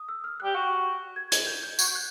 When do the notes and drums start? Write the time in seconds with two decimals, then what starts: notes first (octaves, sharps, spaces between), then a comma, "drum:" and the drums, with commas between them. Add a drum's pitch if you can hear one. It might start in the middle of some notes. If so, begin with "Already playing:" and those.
Already playing: D#6
0.09 E6
0.24 F6
0.40 F#6
0.44 G4
0.55 F#4
1.16 G#6
1.32 G#6, drum: hi-hat
1.47 G6
1.63 G6
1.79 F#4 G#6, drum: tambourine
1.88 G6
1.95 F#6